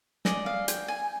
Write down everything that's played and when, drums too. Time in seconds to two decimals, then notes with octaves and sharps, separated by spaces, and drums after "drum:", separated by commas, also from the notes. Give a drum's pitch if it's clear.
0.25 G#4 D5 D#5, drum: snare
0.46 F5
0.68 G5, drum: hi-hat
0.88 G#5